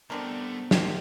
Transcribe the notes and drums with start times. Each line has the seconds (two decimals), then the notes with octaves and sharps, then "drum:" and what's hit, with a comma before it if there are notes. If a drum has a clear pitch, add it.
0.10 C2 A3 B3 C4 D4 A#4
0.71 C3 D#3 D#4, drum: snare